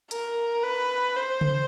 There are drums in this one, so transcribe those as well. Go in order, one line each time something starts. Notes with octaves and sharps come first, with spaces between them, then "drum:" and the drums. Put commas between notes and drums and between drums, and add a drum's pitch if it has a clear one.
A#4, drum: hi-hat
B4
C5
drum: tom C#3